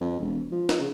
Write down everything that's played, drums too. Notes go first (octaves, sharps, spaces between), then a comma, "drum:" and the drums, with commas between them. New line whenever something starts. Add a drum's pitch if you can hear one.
F2
E1
F3
drum: snare
C#3